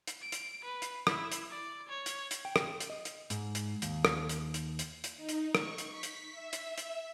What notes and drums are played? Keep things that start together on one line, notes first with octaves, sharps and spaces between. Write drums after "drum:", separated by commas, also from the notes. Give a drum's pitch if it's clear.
drum: hi-hat
D7
drum: hi-hat
B4
drum: hi-hat
E4, drum: rim click
drum: hi-hat
D5
C#5
drum: hi-hat
drum: hi-hat
G5
drum: rim click
drum: hi-hat
D#5
drum: hi-hat
G#2, drum: hi-hat
drum: hi-hat
D#2, drum: hi-hat
drum: rim click
drum: hi-hat
drum: hi-hat
drum: hi-hat
drum: hi-hat
D#4
drum: hi-hat
C#6, drum: rim click
drum: hi-hat
B6
drum: hi-hat
E5
drum: hi-hat
drum: hi-hat